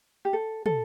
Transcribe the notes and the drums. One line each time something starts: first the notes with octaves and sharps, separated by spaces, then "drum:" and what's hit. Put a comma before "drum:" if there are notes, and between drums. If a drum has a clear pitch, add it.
G4
A4
A4, drum: tom